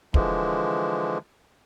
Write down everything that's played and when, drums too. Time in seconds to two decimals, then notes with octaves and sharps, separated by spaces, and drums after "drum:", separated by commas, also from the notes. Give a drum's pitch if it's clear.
0.14 D3 E3 F3 G#3, drum: kick